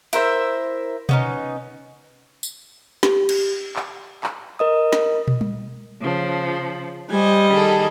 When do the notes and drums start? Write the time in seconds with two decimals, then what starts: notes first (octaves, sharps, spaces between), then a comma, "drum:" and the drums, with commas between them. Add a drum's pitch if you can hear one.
0.13 E4 A#4 C5 E5, drum: hi-hat
1.09 B3 C#4 D#4, drum: tom B2
2.43 drum: tambourine
3.03 G4, drum: snare
3.29 drum: cymbal
3.76 drum: clap
4.24 drum: clap
4.59 A#4 D#5 D#6
4.92 drum: snare
5.28 drum: tom
5.41 drum: tom G3
6.01 C#3 F3
7.10 G3 C5 D#5 G#5
7.50 D#3 G#4 A4